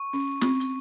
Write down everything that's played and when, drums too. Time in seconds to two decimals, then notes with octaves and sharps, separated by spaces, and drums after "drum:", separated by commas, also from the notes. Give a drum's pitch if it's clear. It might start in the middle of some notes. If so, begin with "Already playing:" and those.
Already playing: C#6
0.13 C#4
0.41 C4, drum: snare
0.60 drum: hi-hat